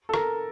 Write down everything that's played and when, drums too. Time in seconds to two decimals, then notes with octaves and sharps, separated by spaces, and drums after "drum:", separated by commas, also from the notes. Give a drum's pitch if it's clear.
0.09 A4
0.14 A#4, drum: rim click